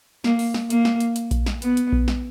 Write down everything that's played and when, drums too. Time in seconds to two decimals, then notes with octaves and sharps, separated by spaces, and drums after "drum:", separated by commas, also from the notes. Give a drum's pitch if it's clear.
0.24 A#3, drum: snare
0.39 drum: open hi-hat
0.54 drum: snare
0.70 A#3, drum: hi-hat
0.85 drum: snare
1.00 drum: hi-hat
1.16 drum: hi-hat
1.31 drum: kick A#1, hi-hat
1.46 drum: snare
1.62 B3, drum: hi-hat
1.77 drum: hi-hat
1.92 drum: kick A#1
2.08 drum: snare